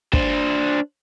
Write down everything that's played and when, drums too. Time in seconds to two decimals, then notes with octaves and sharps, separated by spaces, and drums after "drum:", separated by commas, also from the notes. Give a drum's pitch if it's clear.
0.13 D4 C5, drum: kick